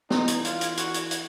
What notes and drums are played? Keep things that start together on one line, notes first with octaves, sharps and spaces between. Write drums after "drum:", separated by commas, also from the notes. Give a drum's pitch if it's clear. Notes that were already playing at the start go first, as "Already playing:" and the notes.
E3 D#4, drum: snare
drum: hi-hat
F4, drum: hi-hat
drum: hi-hat
F#4, drum: hi-hat
drum: hi-hat
drum: hi-hat